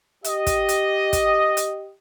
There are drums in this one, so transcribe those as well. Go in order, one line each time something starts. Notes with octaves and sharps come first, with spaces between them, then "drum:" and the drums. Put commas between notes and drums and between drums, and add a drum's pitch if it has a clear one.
G4 D#5, drum: hi-hat
drum: kick, hi-hat
drum: hi-hat
drum: kick, hi-hat
drum: hi-hat